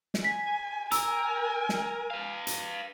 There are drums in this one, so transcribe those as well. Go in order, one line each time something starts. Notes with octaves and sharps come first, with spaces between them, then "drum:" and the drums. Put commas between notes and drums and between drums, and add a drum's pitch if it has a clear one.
drum: snare
G#5 B6
A#4 G#5 E6, drum: hi-hat
drum: snare
B4 F5
drum: hi-hat